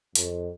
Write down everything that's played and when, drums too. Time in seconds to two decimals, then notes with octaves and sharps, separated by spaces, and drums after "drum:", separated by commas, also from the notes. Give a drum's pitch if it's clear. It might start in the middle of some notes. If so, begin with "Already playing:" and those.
0.15 F2, drum: hi-hat